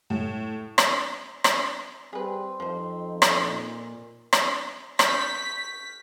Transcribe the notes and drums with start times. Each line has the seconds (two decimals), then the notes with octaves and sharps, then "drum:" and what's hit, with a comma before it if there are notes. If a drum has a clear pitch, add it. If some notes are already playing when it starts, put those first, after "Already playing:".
0.10 A2
0.78 drum: rim click
1.44 drum: rim click
2.13 G3 C4 G#4 B4
2.60 F2 F3 D#4 C5
3.22 drum: rim click
3.40 A#2
4.33 drum: rim click
4.99 C#6 F6 G6 B6, drum: rim click